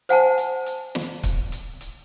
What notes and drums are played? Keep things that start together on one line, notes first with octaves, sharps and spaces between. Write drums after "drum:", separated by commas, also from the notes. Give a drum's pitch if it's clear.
C5 F#5 G#5 A5, drum: hi-hat
drum: hi-hat
drum: hi-hat
drum: snare
drum: kick, hi-hat
drum: hi-hat
drum: hi-hat